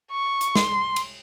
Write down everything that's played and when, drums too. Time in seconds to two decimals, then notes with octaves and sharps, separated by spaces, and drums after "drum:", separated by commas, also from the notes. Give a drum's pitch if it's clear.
0.11 C#6
0.41 drum: hi-hat
0.55 C6, drum: snare
0.96 drum: cymbal